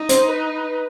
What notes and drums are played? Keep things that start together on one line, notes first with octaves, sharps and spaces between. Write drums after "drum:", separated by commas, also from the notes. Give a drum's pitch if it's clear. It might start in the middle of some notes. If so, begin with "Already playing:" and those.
Already playing: D#4
C5, drum: hi-hat
B4